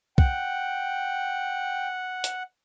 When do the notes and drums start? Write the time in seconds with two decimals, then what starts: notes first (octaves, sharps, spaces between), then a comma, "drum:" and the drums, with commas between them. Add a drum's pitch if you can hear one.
0.18 F#5 G5, drum: kick
2.24 drum: hi-hat